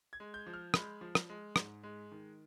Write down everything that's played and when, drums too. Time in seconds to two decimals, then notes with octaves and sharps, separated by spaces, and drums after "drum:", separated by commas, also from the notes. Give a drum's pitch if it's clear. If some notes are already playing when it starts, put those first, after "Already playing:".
0.13 G#6
0.20 G#3
0.34 G6
0.46 F3
0.54 F6
0.74 G#3 B5, drum: rim click
1.01 F3
1.15 drum: rim click
1.29 G#3
1.56 G#2, drum: rim click
1.83 G#3
2.12 D#3